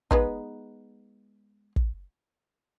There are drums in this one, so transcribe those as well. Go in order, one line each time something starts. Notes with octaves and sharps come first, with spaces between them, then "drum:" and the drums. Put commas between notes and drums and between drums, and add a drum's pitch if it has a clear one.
G#3 B3 D#4, drum: kick
drum: kick